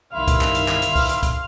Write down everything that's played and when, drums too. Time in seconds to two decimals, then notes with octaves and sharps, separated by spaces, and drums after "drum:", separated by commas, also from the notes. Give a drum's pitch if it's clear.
0.14 C2 G2 D#3 E5 F5 B5 C6
0.28 drum: kick C2, hi-hat
0.41 drum: clap
0.55 drum: hi-hat
0.68 drum: clap
0.82 drum: hi-hat
0.96 drum: kick C2, open hi-hat
1.09 drum: hi-hat
1.23 drum: kick C2, hi-hat